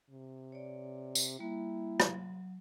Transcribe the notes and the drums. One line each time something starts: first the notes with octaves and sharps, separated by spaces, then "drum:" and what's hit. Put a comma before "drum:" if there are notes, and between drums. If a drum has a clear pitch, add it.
C3
C#5 D5
drum: tambourine
G3 A#3 E4
F#3, drum: rim click